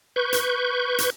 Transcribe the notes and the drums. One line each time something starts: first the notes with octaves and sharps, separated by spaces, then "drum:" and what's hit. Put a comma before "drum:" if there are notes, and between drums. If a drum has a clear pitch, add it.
B4 C#6 G6
drum: hi-hat
drum: hi-hat